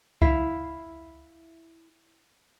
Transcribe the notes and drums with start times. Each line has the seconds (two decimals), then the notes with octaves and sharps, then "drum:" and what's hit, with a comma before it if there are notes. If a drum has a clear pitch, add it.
0.22 E4 E5 F5, drum: kick C2